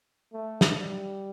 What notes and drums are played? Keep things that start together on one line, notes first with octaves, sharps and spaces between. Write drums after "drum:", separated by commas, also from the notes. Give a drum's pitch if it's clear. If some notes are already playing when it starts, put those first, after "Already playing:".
A3
drum: snare
G3